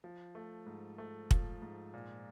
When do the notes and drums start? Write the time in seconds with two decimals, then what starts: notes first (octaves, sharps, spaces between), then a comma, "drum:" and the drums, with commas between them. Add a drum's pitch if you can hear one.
0.04 F3
0.35 A3
0.66 G#2
0.98 A3
1.31 F3, drum: kick
1.62 G#2
1.94 A#2